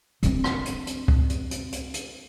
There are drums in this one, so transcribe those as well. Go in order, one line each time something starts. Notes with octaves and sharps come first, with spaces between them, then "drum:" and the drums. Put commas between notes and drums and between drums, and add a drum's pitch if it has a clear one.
D3 C4, drum: hi-hat
drum: rim click
drum: hi-hat
drum: hi-hat
drum: kick C#2
drum: hi-hat
drum: hi-hat
drum: hi-hat
drum: hi-hat